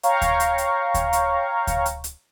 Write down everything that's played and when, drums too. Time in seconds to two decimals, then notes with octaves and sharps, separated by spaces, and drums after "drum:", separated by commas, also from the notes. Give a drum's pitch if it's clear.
0.03 C#5 F5 G5 A#5 C#6, drum: hi-hat
0.22 drum: kick D2, hi-hat
0.40 drum: hi-hat
0.58 drum: hi-hat
0.94 drum: kick D2, hi-hat
1.13 drum: hi-hat
1.67 drum: kick D2, hi-hat
1.86 drum: hi-hat
2.04 drum: hi-hat